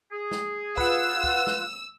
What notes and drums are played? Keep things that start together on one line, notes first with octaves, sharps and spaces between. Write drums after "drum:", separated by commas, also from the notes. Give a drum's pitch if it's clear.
G#4
drum: snare
F4 B4 F#5 E6 F#6, drum: kick
drum: kick
drum: snare